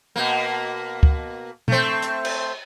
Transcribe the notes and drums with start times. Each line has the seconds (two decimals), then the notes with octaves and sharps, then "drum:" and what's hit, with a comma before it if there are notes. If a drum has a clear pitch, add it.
0.16 B2 A#3
1.03 drum: kick
1.68 A3 C4, drum: tom B2
2.02 drum: hi-hat
2.25 drum: cymbal